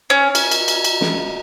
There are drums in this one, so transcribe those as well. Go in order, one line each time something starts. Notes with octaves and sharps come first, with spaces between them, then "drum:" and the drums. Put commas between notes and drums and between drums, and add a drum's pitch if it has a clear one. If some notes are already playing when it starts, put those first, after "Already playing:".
C#4
drum: cymbal
drum: cymbal
drum: cymbal
drum: cymbal
drum: snare